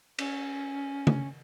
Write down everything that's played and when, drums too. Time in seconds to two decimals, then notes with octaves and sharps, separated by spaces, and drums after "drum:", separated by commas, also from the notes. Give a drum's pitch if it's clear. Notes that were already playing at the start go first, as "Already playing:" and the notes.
0.19 C#4, drum: cymbal
1.07 drum: tom C#3